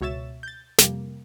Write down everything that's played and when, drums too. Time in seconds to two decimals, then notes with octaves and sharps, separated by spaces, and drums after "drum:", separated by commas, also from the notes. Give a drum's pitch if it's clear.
0.01 C#2 B2 C#5 E5 A6 E7
0.43 G6 A6
0.78 F2 C3 G3 A#3, drum: snare